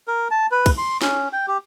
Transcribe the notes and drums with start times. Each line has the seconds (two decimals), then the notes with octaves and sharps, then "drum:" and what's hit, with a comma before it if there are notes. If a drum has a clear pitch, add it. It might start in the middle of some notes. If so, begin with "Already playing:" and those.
0.08 A#4
0.31 A5
0.51 B4
0.66 drum: kick, cymbal
0.78 C6
1.02 C#4, drum: snare
1.33 G5
1.47 G4